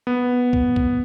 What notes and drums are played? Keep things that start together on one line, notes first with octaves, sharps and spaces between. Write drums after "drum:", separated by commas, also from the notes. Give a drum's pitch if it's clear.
B3
drum: kick C2
drum: kick C2